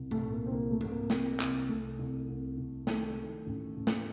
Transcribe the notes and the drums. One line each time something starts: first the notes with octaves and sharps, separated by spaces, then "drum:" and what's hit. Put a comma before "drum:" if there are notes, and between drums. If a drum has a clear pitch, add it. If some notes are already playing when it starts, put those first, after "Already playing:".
Already playing: C2
A3, drum: tom G#2
A#2
A#3
C4
C2 A#3
A3
C2, drum: tom G#2
A#3
C3, drum: snare
C2, drum: clap
C2 A3
C2
C2
C2
D#3 A3, drum: snare
D#3
A1
A1
drum: snare